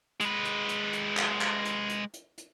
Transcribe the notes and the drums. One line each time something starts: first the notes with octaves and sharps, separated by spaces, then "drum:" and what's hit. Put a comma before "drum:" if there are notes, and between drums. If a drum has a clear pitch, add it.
G#3 B4, drum: hi-hat
drum: hi-hat
drum: hi-hat
drum: hi-hat
drum: clap
drum: clap
drum: hi-hat
drum: hi-hat
drum: hi-hat
drum: hi-hat